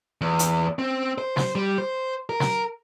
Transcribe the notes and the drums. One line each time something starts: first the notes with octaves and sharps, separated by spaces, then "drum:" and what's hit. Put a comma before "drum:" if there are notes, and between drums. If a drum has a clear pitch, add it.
E2
drum: hi-hat
C4
C5
C5, drum: snare
G3
C5
A#4
drum: snare